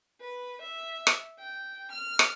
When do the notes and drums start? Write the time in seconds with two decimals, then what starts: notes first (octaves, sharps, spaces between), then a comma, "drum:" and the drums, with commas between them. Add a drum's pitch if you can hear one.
0.21 B4
0.62 E5
1.07 drum: rim click
1.39 G5
1.92 F6
2.19 drum: rim click